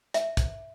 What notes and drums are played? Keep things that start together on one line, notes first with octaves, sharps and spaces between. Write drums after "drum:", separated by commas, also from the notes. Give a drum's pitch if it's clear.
E5, drum: hi-hat
drum: kick, hi-hat